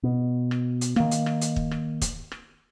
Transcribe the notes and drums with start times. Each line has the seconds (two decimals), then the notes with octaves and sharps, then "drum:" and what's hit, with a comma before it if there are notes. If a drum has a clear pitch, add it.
0.03 B2
0.51 drum: rim click
0.81 drum: hi-hat
0.96 D#3 A#3, drum: rim click
1.11 drum: hi-hat
1.26 drum: rim click
1.41 drum: hi-hat
1.56 drum: kick
1.71 drum: rim click
2.01 drum: kick, hi-hat
2.32 drum: rim click